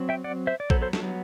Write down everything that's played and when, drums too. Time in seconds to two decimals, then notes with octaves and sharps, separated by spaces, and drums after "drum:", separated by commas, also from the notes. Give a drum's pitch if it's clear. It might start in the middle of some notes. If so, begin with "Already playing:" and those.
Already playing: F#3 C4
0.09 E5 G5
0.24 D5 F#5
0.47 C5 E5
0.60 D5
0.70 F#3 B3 A4 C5, drum: kick A#1
0.82 A4 C5
0.93 F#4 A4, drum: snare